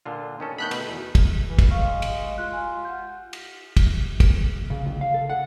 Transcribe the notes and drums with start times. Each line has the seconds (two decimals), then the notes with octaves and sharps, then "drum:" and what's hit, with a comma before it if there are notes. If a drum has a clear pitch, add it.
0.06 A#2 D3 F4
0.40 D#3 C#4 A4
0.58 D#3 A3 B3 B5 F#6 G6
0.71 B2, drum: cymbal
0.88 E2
1.15 drum: kick, cymbal
1.47 E3
1.59 drum: kick, cymbal
1.71 G#3 F5 C#6 F6
2.02 drum: cymbal
2.38 F4 F#6
2.53 G#5
2.85 F#5 G6
3.33 drum: cymbal
3.77 drum: kick, cymbal
4.20 drum: kick, cymbal
4.70 C#3
4.86 C#2
5.01 F5
5.14 A4
5.30 F#5